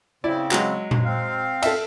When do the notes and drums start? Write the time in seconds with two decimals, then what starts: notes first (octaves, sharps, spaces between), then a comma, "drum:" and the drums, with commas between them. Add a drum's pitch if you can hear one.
0.24 C#3 C4 E4 D5
0.51 F#3 G#3, drum: clap
0.91 drum: tom A#2
1.05 C4 F5
1.62 A4 E5, drum: cymbal